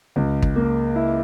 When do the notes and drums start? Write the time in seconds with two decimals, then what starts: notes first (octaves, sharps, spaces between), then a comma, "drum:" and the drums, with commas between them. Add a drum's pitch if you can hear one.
0.16 C#2
0.42 drum: kick
0.56 A#3
0.96 E4